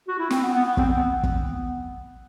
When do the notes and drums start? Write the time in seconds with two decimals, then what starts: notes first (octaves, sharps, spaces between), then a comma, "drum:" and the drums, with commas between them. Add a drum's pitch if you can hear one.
0.08 F#4
0.19 E4
0.30 C4, drum: snare
0.42 B3
0.54 B3
0.65 B3
0.77 C4, drum: kick
0.89 B3
1.23 drum: kick